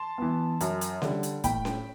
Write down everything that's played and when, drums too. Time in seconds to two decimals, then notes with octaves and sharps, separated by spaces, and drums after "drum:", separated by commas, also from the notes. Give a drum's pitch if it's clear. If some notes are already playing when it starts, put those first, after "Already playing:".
Already playing: A5 C6
0.18 E3 B3
0.61 F#2, drum: hi-hat
0.81 drum: hi-hat
1.02 D3 G3, drum: snare C#4
1.23 drum: hi-hat
1.44 A2 G5 B5, drum: kick, hi-hat
1.65 drum: snare C#4